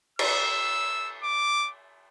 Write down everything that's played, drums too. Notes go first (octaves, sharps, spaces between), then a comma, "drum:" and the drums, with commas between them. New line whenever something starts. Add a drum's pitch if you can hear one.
E6, drum: cymbal
D6